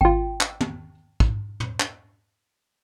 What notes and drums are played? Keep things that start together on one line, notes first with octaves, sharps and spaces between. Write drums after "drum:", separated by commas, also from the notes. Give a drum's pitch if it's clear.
G#1 F4 G5
drum: clap
drum: tom
drum: kick
drum: tom
drum: clap